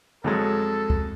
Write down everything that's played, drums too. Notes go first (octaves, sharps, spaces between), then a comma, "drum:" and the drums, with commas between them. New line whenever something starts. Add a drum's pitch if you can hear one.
F2 F#3 G#3 A4, drum: tom C#3
drum: kick